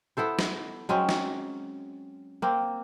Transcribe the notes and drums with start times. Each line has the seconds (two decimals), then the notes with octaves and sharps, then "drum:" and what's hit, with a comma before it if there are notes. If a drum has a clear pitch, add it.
0.17 B3 E4 A4 C5
0.39 drum: snare
0.89 F#3 G#3 C4 C#4
1.09 drum: snare
2.42 A#3 C4